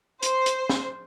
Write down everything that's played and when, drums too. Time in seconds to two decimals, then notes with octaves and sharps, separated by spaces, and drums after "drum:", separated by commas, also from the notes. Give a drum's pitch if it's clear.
0.23 C5, drum: hi-hat
0.46 drum: hi-hat
0.69 drum: snare